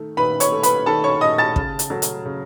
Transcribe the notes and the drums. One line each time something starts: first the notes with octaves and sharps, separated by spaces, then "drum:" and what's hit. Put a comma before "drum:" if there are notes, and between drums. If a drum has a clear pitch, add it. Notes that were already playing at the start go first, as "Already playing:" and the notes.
Already playing: D#3 A3
D#3 B4 B5
C#5 C#6, drum: hi-hat
A3
B4 B5, drum: hi-hat
D#3 A4 A5
C#5 C#6
A3 D#5 D#6
A5 A6
C#3, drum: kick
drum: hi-hat
F#3 A3
drum: hi-hat
C#3